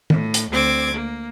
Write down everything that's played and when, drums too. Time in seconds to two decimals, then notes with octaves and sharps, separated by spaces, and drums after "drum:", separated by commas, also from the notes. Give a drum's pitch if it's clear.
0.10 A2, drum: tom
0.34 drum: hi-hat
0.51 D2 C4 D6 G#6
0.95 A#3